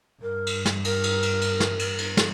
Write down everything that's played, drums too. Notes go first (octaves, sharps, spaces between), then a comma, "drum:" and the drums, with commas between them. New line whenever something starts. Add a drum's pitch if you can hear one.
G2 A#4
drum: cymbal
drum: snare
A#4, drum: cymbal
drum: cymbal
drum: cymbal
drum: cymbal
drum: snare
drum: cymbal
drum: cymbal
drum: snare